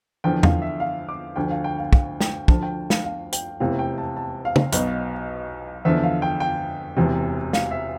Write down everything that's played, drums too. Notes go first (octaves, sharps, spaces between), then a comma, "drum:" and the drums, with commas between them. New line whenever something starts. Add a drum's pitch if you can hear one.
E2 D3 F3 G5
F5, drum: tom E2
E5
F5
D6
D2 D3 F3 G5
F5
G5
F5
F5, drum: kick
G5, drum: snare
D2 D3 F3 A5, drum: kick
G5
F5, drum: snare
F5
G5, drum: hi-hat
F1 E2 C3 E3 F5
G5
A5
A5
F5
drum: tom
B1 B2, drum: hi-hat
E2 D3 F3 E5
F5
G5
G5
E1 E2 C3
F5, drum: snare
E5